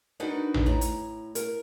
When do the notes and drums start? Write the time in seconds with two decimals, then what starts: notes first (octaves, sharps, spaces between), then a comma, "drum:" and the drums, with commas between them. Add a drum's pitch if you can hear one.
0.20 D4 D#4 F#4 A#4 B4
0.54 drum: tom A1
0.66 A2 A#5
0.81 drum: hi-hat
1.35 A#4, drum: hi-hat